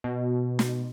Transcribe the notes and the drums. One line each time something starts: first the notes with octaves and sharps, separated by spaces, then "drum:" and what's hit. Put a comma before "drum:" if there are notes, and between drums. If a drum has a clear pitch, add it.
B2
drum: snare